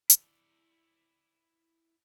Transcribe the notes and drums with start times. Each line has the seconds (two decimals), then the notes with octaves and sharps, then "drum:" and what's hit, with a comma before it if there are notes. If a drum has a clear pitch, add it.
0.10 E4 D5, drum: hi-hat